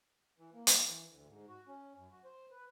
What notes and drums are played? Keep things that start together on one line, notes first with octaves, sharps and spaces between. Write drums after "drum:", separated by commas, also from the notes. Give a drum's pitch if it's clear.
E3
A#3
drum: hi-hat
E3
D2
G#2
F#4
C#4
F#2
F#4
C5
B4